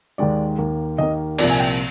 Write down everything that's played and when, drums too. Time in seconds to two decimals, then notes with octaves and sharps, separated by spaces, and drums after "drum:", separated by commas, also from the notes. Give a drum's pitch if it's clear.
0.18 D#2 D#3 G#3 D5
0.58 D#2 D#3 A#3
0.98 D#2 D#3 A#3 D#5
1.38 C2 A#2 F3 A#3 D5, drum: cymbal
1.50 G#5
1.60 G5